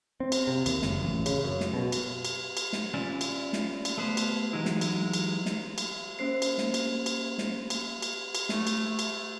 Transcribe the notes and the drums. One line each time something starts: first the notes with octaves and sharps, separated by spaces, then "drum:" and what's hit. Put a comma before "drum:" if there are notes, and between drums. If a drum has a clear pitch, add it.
C4
drum: cymbal
C3
D#2, drum: cymbal
F#1, drum: snare
A1
C#3, drum: cymbal
F#2
drum: snare
B2
drum: cymbal
drum: cymbal
drum: cymbal
drum: snare
C#4 E4 F4 D5 E5
drum: cymbal
drum: snare
drum: cymbal
A3 B3 B4 C5
drum: cymbal
E3 F#3 G#3 D#4 E4
drum: snare
drum: cymbal
drum: cymbal
drum: snare
drum: cymbal
A#3 C#4 C5 C7
drum: cymbal
drum: snare
drum: cymbal
drum: cymbal
drum: snare
drum: cymbal
drum: cymbal
drum: cymbal
A3, drum: snare
drum: cymbal
drum: cymbal